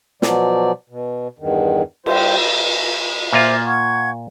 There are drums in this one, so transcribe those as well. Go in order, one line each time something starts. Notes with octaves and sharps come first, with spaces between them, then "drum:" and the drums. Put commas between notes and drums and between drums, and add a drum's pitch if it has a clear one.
B2 F3 F#3 D5, drum: snare
B2
E2 G2 D#3
G3 F4 C5, drum: cymbal
A#2 A#3 F4 C5 E5 D6
F#5 C#6 G#6